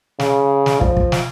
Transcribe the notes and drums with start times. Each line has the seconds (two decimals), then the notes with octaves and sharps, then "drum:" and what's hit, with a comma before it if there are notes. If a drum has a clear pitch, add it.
0.20 C#3, drum: snare
0.66 drum: snare
0.81 F3, drum: kick
0.97 drum: kick
1.12 drum: snare